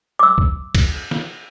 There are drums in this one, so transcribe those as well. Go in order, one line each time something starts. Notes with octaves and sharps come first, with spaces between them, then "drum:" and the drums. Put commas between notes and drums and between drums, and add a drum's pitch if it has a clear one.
D6 E6
drum: kick C2
drum: kick C2, cymbal
drum: snare